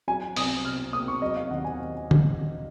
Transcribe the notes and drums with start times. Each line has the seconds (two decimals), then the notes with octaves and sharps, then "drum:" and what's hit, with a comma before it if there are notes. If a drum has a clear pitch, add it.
0.08 F#3 G#5
0.36 C2 D#6, drum: open hi-hat
0.65 C3 F6
0.93 A#3 D#6
1.08 C#6
1.22 F#3 D#5
1.37 F5
1.50 D#2 F#5
1.64 G#5
2.11 drum: tom D3